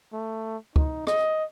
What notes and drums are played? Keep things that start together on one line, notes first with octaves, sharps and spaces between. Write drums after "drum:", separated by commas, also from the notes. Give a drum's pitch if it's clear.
A3
D#4, drum: kick C#2
D#5, drum: rim click